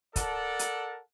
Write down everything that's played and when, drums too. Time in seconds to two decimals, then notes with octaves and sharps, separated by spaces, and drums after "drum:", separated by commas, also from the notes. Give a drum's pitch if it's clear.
0.16 A4 A#4 D5 F#5 A5, drum: kick, hi-hat
0.59 drum: hi-hat